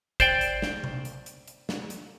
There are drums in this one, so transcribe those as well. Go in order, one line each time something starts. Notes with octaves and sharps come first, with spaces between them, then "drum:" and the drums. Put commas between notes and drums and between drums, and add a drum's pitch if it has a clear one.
C5 D5 G5, drum: kick A1, hi-hat
drum: hi-hat
drum: snare
drum: tom C3
drum: hi-hat
drum: hi-hat
drum: hi-hat
drum: snare
drum: hi-hat